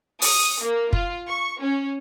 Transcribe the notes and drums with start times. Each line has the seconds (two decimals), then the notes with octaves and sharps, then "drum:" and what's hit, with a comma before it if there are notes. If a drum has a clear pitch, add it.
0.22 D#6, drum: open hi-hat
0.62 A#3
0.93 F4, drum: kick
1.28 C#6
1.61 C#4